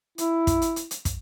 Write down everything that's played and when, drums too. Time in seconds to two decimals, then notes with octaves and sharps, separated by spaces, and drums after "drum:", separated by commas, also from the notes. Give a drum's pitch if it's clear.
0.18 E4, drum: hi-hat
0.47 drum: kick, hi-hat
0.62 drum: hi-hat
0.76 drum: hi-hat
0.91 drum: hi-hat
1.05 drum: kick, hi-hat